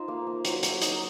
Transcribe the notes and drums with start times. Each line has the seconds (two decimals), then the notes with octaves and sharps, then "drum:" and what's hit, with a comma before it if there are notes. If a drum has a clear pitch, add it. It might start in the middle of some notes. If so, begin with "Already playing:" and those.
Already playing: D#4 F4 C5
0.08 A#3
0.27 A#3
0.45 F#3, drum: hi-hat
0.63 F#3, drum: hi-hat
0.82 D#4, drum: hi-hat